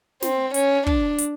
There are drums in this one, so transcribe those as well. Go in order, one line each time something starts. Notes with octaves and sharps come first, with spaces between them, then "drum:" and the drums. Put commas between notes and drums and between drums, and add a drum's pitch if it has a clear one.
C4, drum: snare
C#4, drum: hi-hat
D4, drum: kick
drum: hi-hat